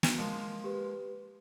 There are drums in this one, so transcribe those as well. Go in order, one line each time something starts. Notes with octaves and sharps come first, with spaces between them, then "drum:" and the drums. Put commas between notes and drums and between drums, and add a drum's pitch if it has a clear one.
drum: snare
F3 G#3 A#3
G4 B4